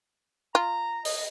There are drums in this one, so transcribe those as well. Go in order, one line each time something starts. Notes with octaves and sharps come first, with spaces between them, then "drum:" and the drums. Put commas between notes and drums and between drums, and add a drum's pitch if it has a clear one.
F4 A#5
D#5, drum: open hi-hat